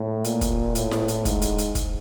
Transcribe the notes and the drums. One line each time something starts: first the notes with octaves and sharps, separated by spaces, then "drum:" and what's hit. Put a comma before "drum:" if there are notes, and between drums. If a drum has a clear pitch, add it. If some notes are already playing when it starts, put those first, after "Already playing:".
Already playing: A2
A#2, drum: hi-hat
drum: kick, hi-hat
A2, drum: hi-hat
drum: snare E4
drum: hi-hat
G#2, drum: kick, hi-hat
drum: hi-hat
drum: hi-hat
drum: kick, hi-hat